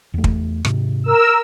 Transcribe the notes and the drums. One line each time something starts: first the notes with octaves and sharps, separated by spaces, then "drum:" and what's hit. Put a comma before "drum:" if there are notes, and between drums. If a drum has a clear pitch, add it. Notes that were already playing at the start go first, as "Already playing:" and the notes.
E2 A3
drum: kick
G#2 C3, drum: rim click
A#4 E6